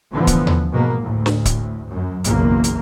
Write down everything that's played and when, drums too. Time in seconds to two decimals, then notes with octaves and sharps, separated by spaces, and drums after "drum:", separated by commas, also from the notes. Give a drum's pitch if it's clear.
0.12 A2 D3 E3 F3 B3
0.27 drum: kick, hi-hat
0.47 drum: tom D#2
0.71 G#2 B2 A#3
1.02 D2 A2
1.26 drum: snare
1.45 drum: kick, hi-hat
1.89 F#2
2.24 F#1 B1 E2 A#3, drum: hi-hat
2.64 drum: hi-hat